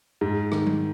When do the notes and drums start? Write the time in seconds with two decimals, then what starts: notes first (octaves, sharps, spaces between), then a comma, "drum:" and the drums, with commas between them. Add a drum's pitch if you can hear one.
0.21 G#2
0.52 D#3, drum: rim click
0.67 drum: tom F#3